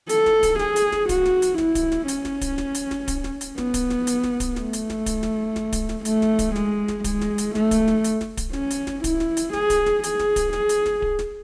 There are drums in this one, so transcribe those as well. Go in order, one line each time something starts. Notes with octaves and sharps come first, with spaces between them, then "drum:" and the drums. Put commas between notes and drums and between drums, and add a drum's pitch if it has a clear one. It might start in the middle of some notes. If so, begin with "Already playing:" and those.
A4, drum: hi-hat
drum: snare
drum: kick D1, hi-hat
G#4, drum: snare
drum: hi-hat
drum: snare
F#4, drum: kick D1, hi-hat
drum: snare
drum: hi-hat
E4, drum: snare
drum: kick D1, hi-hat
drum: snare
C#4, drum: hi-hat
drum: snare
drum: kick D1, hi-hat
drum: snare
drum: hi-hat
drum: snare
drum: kick D1, hi-hat
drum: snare
drum: hi-hat
B3, drum: snare
drum: kick D1, hi-hat
drum: snare
drum: hi-hat
drum: snare
drum: kick D1, hi-hat
A3, drum: snare
drum: hi-hat
drum: snare
drum: kick D1, hi-hat
drum: snare
drum: snare
drum: kick D1, hi-hat
drum: snare
A3, drum: hi-hat
drum: snare
drum: kick D1, hi-hat
G#3, drum: snare
drum: snare
G#3, drum: kick D1, hi-hat
drum: snare
drum: hi-hat
A3, drum: snare
drum: kick D1, hi-hat
drum: snare
drum: hi-hat
drum: snare
drum: kick D1, hi-hat
C#4, drum: snare
drum: hi-hat
drum: snare
E4, drum: kick D1, hi-hat
drum: snare
drum: hi-hat
G#4, drum: snare
drum: kick D1, hi-hat
drum: snare
G#4, drum: hi-hat
drum: snare
drum: kick D1, hi-hat
G#4, drum: snare
drum: hi-hat
drum: snare
drum: kick D1
drum: snare